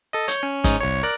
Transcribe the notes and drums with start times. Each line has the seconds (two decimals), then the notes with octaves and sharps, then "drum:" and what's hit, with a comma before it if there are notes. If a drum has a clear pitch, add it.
0.13 A4 D#5
0.28 C#5 G6, drum: hi-hat
0.43 C#4
0.64 G#2 C#4 D#4, drum: kick, hi-hat
0.80 C2 C#5
1.03 A#4 D5 F#6